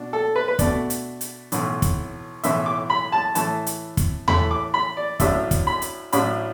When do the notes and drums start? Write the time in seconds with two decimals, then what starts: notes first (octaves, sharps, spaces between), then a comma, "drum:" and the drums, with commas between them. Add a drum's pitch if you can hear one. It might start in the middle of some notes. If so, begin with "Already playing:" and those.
Already playing: B2 D4
0.13 A4
0.36 B4
0.48 B4
0.59 B2 A3 D4 D5, drum: kick, hi-hat
0.90 drum: hi-hat
1.21 drum: hi-hat
1.52 B1 A2 E3, drum: hi-hat
1.82 drum: kick, hi-hat
2.44 B1 A2 E3 E5, drum: hi-hat
2.66 D6
2.90 B5
3.12 A5
3.35 A2 E3 A3 A5, drum: hi-hat
3.67 drum: hi-hat
3.97 drum: kick, hi-hat
4.28 A2 E3 A3 B5, drum: tom D#2
4.51 D6
4.74 B5
4.97 D5
5.20 A1 A2 F#3 D4 E5, drum: kick, hi-hat
5.51 drum: kick, hi-hat
5.67 B5
5.82 drum: hi-hat
6.13 A1 A2 F#3 D4 B5, drum: hi-hat